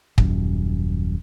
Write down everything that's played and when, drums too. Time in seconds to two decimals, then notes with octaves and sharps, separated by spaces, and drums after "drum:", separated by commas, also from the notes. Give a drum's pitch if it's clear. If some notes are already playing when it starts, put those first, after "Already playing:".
0.18 D#1 F#2, drum: kick